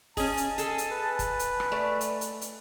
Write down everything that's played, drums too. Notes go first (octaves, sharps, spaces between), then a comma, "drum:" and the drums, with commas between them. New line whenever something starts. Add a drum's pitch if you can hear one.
C#4 G#4 D#5 G#5 A5, drum: kick, open hi-hat
drum: hi-hat
G#4 A4, drum: hi-hat
drum: hi-hat
B4
drum: kick, hi-hat
drum: hi-hat
drum: rim click
A3 D5
drum: hi-hat
drum: hi-hat
drum: hi-hat